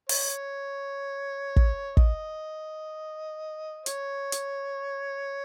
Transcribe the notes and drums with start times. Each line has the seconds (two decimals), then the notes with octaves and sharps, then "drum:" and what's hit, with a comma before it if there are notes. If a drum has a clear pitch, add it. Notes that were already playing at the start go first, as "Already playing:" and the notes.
0.09 C#5, drum: open hi-hat
1.56 drum: kick
1.97 D#5, drum: kick
3.86 C#5, drum: hi-hat
4.32 drum: hi-hat